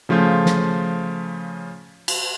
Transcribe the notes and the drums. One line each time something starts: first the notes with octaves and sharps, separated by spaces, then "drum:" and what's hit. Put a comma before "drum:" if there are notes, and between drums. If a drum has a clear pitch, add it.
C#3 F3 A3 F4 G6
drum: snare
drum: cymbal